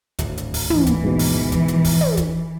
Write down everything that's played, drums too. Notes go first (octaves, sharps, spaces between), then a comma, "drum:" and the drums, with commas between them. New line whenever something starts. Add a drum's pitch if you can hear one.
D1 G#1 D2, drum: kick, hi-hat
drum: hi-hat
drum: kick, open hi-hat
E3, drum: tom
drum: kick, hi-hat
G#2 B2
drum: open hi-hat
drum: kick, hi-hat
drum: hi-hat
drum: kick, open hi-hat
drum: tom
drum: kick, hi-hat